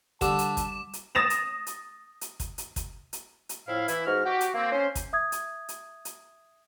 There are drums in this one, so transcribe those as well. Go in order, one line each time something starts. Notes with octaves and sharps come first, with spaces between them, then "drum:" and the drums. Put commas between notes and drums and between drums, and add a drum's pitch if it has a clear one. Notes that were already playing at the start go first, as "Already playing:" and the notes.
D3 G3 A5 D6 E7, drum: kick, hi-hat
drum: hi-hat
drum: kick, hi-hat
drum: hi-hat
D#6 A6 A#6 E7 F7
drum: hi-hat
drum: hi-hat
drum: hi-hat
drum: kick, hi-hat
drum: hi-hat
drum: kick, hi-hat
drum: hi-hat
drum: hi-hat
F2 A2 E4 F5
E3 E4, drum: hi-hat
G#2 F#4 F6
F#4 G4
drum: hi-hat
A#3 C4
C#4 C5
drum: kick, hi-hat
E5 D#6 G#6
drum: hi-hat
drum: hi-hat
drum: hi-hat